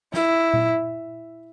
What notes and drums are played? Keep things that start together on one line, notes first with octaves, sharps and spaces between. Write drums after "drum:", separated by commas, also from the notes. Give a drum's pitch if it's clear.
E4, drum: snare
drum: tom A#2